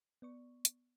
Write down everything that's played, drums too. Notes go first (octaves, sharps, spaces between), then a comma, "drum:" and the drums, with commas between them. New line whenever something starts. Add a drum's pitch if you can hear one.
B3 D5 C#6
drum: hi-hat